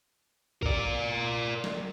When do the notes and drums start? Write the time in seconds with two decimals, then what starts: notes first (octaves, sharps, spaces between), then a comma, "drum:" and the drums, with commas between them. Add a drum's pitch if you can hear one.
0.63 A#4 D5, drum: kick
1.64 drum: snare